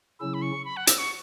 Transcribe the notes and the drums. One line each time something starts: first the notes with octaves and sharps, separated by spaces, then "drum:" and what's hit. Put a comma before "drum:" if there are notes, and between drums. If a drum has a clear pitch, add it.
C#3 F#3 C#4 E4 E6
B5
C#6
B5
F#5
E6, drum: hi-hat
C#6